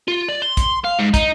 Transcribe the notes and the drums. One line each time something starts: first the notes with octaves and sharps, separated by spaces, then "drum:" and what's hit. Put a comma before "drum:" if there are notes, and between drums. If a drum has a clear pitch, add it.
F4
D5
C6
drum: kick, hi-hat
F5
G#2
D#4, drum: kick, hi-hat